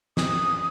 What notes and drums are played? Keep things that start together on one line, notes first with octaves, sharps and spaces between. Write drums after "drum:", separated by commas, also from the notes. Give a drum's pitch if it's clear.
D#6, drum: snare